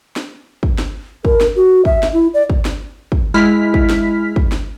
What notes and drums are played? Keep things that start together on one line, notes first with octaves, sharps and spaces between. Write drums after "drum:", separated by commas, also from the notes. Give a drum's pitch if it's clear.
drum: snare
drum: kick
drum: snare
A#4, drum: kick
drum: snare
F#4
E5, drum: kick
drum: snare
E4
D5
drum: kick
drum: snare
drum: kick
G#3 E4 F6 B6
drum: kick
drum: snare
drum: kick
drum: snare